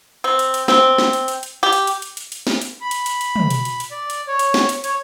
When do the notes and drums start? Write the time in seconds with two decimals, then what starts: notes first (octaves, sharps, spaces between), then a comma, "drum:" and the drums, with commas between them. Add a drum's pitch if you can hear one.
0.24 C4
0.39 drum: hi-hat
0.54 drum: hi-hat
0.68 C4, drum: snare
0.98 drum: snare
1.13 drum: hi-hat
1.28 drum: hi-hat
1.43 drum: hi-hat
1.63 G4
1.73 drum: hi-hat
1.87 drum: hi-hat
2.02 drum: hi-hat
2.17 drum: hi-hat
2.32 drum: hi-hat
2.47 drum: snare
2.61 drum: hi-hat
2.81 B5
2.91 drum: hi-hat
3.06 drum: hi-hat
3.21 drum: hi-hat
3.36 drum: tom
3.50 drum: hi-hat
3.65 drum: hi-hat
3.80 drum: hi-hat
3.91 D5
4.10 drum: hi-hat
4.28 C#5
4.39 drum: hi-hat
4.54 drum: snare
4.69 drum: hi-hat
4.84 C#5, drum: hi-hat